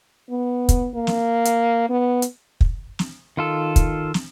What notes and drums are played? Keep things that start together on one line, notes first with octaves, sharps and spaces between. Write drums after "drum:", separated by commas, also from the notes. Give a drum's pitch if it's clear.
B3
drum: kick, hi-hat
A#3
drum: snare
drum: hi-hat
B3
drum: hi-hat
drum: kick
drum: snare
D#3 F4 A4
drum: kick, hi-hat
drum: snare